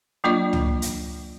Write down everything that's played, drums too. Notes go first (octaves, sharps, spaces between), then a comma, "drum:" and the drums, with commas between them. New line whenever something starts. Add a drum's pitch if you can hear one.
F#3 A#3 D4 F4 D5
drum: tom C#2
drum: hi-hat